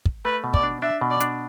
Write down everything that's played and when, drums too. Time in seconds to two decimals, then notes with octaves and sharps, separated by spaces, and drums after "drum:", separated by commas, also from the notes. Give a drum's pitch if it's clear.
0.06 drum: kick
0.25 A3 B4
0.44 B2
0.54 D5, drum: kick
0.63 D4
0.82 D4 E5
1.01 B2
1.11 D5
1.20 D4, drum: hi-hat